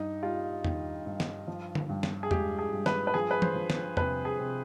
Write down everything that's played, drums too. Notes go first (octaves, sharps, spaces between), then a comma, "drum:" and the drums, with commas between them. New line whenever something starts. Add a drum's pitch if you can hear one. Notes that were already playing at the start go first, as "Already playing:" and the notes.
Already playing: G2 D#4
G3 F4
D#3, drum: tom E2
G2
drum: snare
F3
drum: tom D3
G2
drum: snare
G#4
G#3 G4, drum: tom E2
G#4
G2
B4, drum: snare
B4
F3 G#4
B4
C5, drum: tom E3
F3
drum: snare
C3 B4, drum: tom E2
G#4
C3